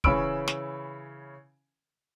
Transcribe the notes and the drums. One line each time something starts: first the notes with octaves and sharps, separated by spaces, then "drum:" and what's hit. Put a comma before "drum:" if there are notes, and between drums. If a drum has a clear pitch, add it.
C#3 E3 C#4 B5 E6 D7, drum: kick
drum: snare